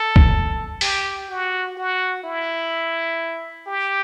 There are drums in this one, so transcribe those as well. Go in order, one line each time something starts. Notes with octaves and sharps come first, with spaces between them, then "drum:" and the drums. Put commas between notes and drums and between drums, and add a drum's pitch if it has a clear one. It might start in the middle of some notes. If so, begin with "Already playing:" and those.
Already playing: A4
drum: kick
G4, drum: open hi-hat
F#4
F#4
E4
G4